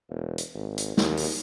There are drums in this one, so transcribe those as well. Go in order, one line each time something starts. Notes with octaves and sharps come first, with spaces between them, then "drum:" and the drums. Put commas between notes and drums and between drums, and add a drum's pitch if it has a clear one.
E1
drum: hi-hat
G#1
drum: hi-hat
D#2, drum: snare
drum: open hi-hat